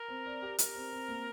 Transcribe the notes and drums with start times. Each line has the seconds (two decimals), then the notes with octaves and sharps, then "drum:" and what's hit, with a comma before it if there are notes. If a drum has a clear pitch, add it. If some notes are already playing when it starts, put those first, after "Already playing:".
Already playing: A#4
0.08 C4
0.26 D5
0.42 G4
0.58 G4 A#4, drum: hi-hat
0.75 C4
0.93 C4
1.08 A#3